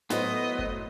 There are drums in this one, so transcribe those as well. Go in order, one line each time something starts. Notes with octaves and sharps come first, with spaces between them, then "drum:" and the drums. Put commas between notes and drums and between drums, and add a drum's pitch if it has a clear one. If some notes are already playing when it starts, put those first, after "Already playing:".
A2 F#3 B3 C5 D#5, drum: snare
drum: kick F#1